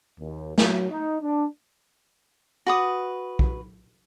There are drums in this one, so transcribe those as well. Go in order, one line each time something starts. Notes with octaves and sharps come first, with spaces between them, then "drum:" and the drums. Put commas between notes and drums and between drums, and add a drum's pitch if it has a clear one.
D#2
F#3, drum: snare
D#4
D4
F#4 B4 D#6
drum: kick